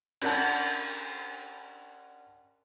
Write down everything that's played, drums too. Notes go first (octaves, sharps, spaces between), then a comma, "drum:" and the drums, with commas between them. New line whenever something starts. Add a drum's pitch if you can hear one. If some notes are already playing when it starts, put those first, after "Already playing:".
C#4 D4 A#4 F#5 A5, drum: cymbal